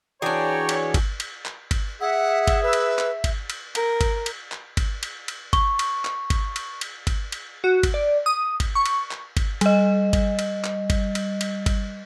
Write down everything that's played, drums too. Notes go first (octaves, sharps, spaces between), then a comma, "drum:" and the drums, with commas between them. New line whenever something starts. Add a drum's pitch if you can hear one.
E3 D4 F#4 G#4 C#5 D5 G5 A#5
drum: cymbal
drum: kick G1, cymbal
drum: cymbal
drum: clap
drum: kick G1, cymbal
G#4 E5 F#5
drum: kick G1, cymbal
B4
drum: cymbal
drum: clap
drum: kick G1, cymbal
drum: cymbal
A#4, drum: cymbal
drum: kick G1, cymbal
drum: cymbal
drum: clap
drum: kick G1, cymbal
drum: cymbal
drum: cymbal
C#6, drum: kick G1, cymbal
drum: cymbal
drum: clap
drum: kick G1, cymbal
drum: cymbal
drum: cymbal
drum: kick G1, cymbal
drum: cymbal
F#4
drum: kick G1, cymbal
D5
D#6
drum: kick G1, cymbal
C#6
drum: cymbal
drum: clap
drum: kick G1, cymbal
G3 D#5, drum: cymbal
drum: kick G1, cymbal
drum: cymbal
drum: clap
drum: kick G1, cymbal
drum: cymbal
drum: cymbal
drum: kick G1, cymbal